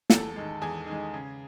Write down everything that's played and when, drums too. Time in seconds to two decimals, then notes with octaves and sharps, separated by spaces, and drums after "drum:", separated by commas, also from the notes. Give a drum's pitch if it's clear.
0.10 E2 A4 A5, drum: snare
0.36 D#3 G#3
0.62 E2 G#4 G#5
0.87 D#3 G#3
1.14 C#3